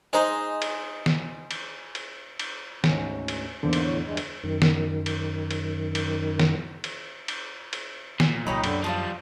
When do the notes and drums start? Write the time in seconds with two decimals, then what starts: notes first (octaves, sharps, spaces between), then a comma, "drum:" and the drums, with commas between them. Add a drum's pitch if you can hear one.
0.13 G#3 D#4 G#4 C5
0.62 drum: cymbal
1.06 drum: snare
1.51 drum: cymbal
1.95 drum: cymbal
2.39 drum: cymbal
2.84 D2 G#2 C#4, drum: snare
3.28 drum: cymbal
3.63 E2 G#2 D3 A#3 C5
3.73 drum: cymbal
3.85 F2 A2 C#5
4.05 E2 G2 G#3
4.17 drum: cymbal
4.44 F#2 D#3
4.62 drum: snare
5.06 drum: cymbal
5.51 drum: cymbal
5.95 drum: cymbal
6.39 drum: snare
6.84 drum: cymbal
7.28 drum: cymbal
7.73 drum: cymbal
8.20 A#2 G#5, drum: snare
8.47 C2 F#3 D#4 G4 C#5 D#5 B5
8.64 F#2 D3, drum: cymbal
8.84 F3 G3 F4 C5 A5 D#6